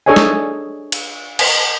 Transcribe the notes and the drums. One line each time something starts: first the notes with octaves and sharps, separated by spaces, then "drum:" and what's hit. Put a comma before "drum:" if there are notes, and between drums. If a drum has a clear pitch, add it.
D4 G#4 A4 C#5 D#5 G#5
drum: snare
drum: cymbal
drum: cymbal